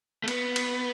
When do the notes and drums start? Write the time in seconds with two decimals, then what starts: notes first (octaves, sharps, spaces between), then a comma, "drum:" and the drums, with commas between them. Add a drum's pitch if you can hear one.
0.24 A3
0.28 B3, drum: cymbal
0.56 drum: cymbal